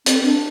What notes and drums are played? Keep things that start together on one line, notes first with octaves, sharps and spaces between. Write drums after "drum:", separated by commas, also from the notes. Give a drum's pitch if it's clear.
C4, drum: hi-hat
D4